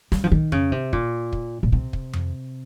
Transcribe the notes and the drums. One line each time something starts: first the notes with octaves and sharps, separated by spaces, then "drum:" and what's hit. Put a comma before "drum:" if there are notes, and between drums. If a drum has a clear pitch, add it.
G3, drum: snare
F3
D#3
C#3, drum: tom F2
C3
A#2, drum: kick
drum: kick
A#2
C3
drum: kick
drum: tom F2